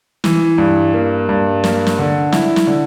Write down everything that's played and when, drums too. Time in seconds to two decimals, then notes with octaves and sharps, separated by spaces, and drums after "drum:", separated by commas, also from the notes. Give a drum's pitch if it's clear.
0.24 E3, drum: snare
0.58 G2
0.94 A#3
1.29 G2
1.64 A#3, drum: snare
1.87 drum: snare
1.99 D3
2.32 E4, drum: snare
2.56 drum: snare
2.67 D3